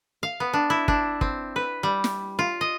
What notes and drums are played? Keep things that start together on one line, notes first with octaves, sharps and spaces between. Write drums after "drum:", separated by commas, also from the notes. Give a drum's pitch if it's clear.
F5
B3
D4
E4
D4, drum: kick
C4, drum: kick
B4
G3
drum: snare
F4
D#5